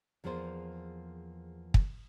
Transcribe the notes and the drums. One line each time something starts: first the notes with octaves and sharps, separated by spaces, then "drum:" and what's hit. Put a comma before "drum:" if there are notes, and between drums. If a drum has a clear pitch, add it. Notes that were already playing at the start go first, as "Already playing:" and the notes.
E2 F3 A#3 G#4 C5
drum: kick